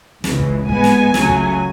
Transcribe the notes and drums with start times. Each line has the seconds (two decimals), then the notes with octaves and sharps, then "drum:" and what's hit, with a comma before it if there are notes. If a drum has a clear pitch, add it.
0.24 C#2 C#3 E3 G#3, drum: snare
0.39 drum: kick
0.69 A2 G#3 B3 G#5, drum: kick
0.84 drum: snare
1.14 C#2 C#3 F#3 A3, drum: snare
1.29 drum: kick